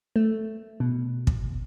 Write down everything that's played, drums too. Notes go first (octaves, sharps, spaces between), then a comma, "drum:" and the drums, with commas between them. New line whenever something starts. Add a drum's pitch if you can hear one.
A3
B2
drum: kick